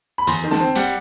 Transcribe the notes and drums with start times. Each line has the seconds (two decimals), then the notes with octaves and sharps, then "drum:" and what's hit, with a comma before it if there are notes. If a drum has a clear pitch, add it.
0.18 B5
0.27 E2 C6, drum: hi-hat
0.44 D#3
0.51 A5, drum: snare
0.60 C4
0.75 G3 F#5, drum: hi-hat